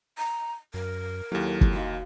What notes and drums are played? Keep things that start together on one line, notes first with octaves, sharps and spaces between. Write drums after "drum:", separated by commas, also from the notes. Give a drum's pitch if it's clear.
A#5
F#2 A#4
D#2 F#3 A#3 E4 G4 A4
drum: kick F#1
D#4 F#4 F5